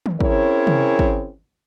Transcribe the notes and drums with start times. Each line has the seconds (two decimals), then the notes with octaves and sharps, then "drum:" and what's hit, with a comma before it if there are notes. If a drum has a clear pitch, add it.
0.06 drum: tom D#3
0.21 C4 C#4 E4 G#4 A#4 C#5, drum: kick
0.67 drum: tom C3
0.99 drum: kick